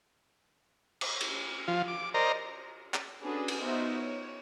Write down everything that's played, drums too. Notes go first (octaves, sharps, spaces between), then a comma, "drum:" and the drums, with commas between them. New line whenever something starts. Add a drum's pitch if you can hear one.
drum: cymbal
drum: cymbal
F3 F4
D6
A#4 C5 D5 D#5 A#5
drum: clap
C#4 D4 F#4 G#4 A4 B4
drum: cymbal
B3 D#4 F#4 B4 C5 E5
C#5